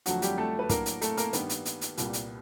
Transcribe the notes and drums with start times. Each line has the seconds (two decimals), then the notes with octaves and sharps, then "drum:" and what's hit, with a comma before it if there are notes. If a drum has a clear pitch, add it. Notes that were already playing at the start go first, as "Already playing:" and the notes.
0.06 F2 D3 F3 F#3 A3 F#4, drum: hi-hat
0.22 G3 G4, drum: hi-hat
0.38 A3 A4
0.59 B4
0.69 A2 F#3 A#3 D4 A#4, drum: kick, hi-hat
0.86 drum: hi-hat
1.02 A3 A4, drum: hi-hat
1.17 A#3 A#4, drum: hi-hat
1.33 G2 D#3 G3 A#3 B3 B4, drum: hi-hat
1.49 drum: hi-hat
1.65 drum: hi-hat
1.81 drum: hi-hat
1.98 C2 A#2 G3 A#3, drum: hi-hat
2.13 drum: hi-hat